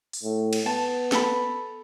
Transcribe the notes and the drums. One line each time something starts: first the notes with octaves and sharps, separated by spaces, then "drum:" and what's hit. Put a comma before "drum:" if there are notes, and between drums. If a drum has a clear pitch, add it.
drum: open hi-hat
A2
drum: cymbal
B3 A5
A4 B5, drum: snare